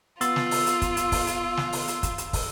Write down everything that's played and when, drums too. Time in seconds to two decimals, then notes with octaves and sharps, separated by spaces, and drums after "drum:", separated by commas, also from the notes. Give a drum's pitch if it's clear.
0.21 B3 F4 C6 E6 A6, drum: hi-hat
0.36 drum: snare
0.51 drum: open hi-hat
0.66 drum: hi-hat
0.82 drum: kick, hi-hat
0.97 drum: hi-hat
1.12 drum: kick, open hi-hat
1.27 drum: hi-hat
1.57 drum: snare
1.73 drum: open hi-hat
1.88 drum: hi-hat
2.03 drum: kick, hi-hat
2.18 drum: hi-hat
2.33 drum: kick, open hi-hat